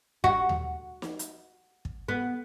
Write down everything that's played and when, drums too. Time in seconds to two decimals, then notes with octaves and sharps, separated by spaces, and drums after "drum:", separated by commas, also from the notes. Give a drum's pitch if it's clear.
0.24 F#4, drum: kick
0.49 drum: tom D#2
1.02 drum: snare
1.19 drum: hi-hat
1.85 drum: kick
2.08 B3